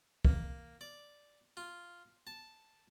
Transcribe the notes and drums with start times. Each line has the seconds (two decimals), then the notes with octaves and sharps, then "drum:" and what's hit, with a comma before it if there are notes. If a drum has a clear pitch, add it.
0.25 A#3, drum: kick
0.81 D5
1.57 F4
2.27 A5